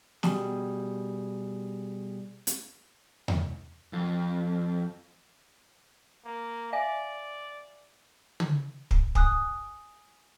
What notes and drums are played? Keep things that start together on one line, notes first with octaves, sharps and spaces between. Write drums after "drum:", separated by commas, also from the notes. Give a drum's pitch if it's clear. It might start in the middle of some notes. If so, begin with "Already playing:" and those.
B2 G3 G#4, drum: snare
drum: hi-hat
drum: tom E2
F2
A#3
D5 E5 F5 G#5
drum: tom
drum: kick
G#5 D#6 F#6, drum: kick